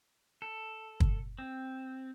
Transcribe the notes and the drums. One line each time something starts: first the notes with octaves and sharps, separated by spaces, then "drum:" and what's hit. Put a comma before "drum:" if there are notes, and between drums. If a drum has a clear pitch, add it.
A4
drum: kick
C4